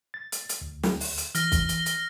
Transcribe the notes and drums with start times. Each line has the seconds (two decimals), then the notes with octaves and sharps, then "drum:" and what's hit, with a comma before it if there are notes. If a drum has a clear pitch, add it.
0.14 A6
0.32 drum: hi-hat
0.49 drum: hi-hat
0.61 D2
0.83 drum: snare
1.00 drum: open hi-hat
1.18 drum: hi-hat
1.35 E3 F6 A#6 G7, drum: hi-hat
1.52 drum: kick, hi-hat
1.69 drum: hi-hat
1.86 drum: hi-hat